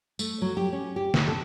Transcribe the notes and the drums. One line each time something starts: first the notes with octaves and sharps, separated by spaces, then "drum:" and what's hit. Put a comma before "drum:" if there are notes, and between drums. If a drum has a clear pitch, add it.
A3, drum: tambourine
F#3
G4
C#4
G4
A#2, drum: snare
A4